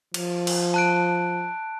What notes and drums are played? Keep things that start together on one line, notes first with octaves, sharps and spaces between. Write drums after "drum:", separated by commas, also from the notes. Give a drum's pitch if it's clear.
F3, drum: cymbal
drum: cymbal
A5 F#6 D7